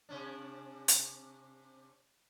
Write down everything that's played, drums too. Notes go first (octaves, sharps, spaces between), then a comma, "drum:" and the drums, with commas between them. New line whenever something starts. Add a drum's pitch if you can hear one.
C3 C#4 D4
drum: hi-hat